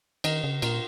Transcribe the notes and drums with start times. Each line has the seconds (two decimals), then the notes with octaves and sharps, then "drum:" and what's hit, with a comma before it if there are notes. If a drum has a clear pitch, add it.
0.24 D#3 A#4 D#5, drum: cymbal
0.44 C#3
0.62 A#2 F4 A#4, drum: cymbal